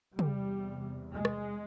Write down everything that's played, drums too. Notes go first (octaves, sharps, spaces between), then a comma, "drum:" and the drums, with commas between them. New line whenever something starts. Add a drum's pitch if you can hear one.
E2 C3 G3, drum: tom
G#3
drum: rim click